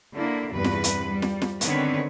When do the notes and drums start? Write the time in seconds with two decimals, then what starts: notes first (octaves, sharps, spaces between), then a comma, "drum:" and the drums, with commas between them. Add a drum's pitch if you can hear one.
0.14 D3 A#3 D4 E4
0.52 E2 G2 C3 B4
0.64 drum: snare
0.84 drum: hi-hat
1.10 G3
1.22 drum: snare
1.42 drum: snare
1.61 D3 D#3 B3 C4 B4 C#5, drum: hi-hat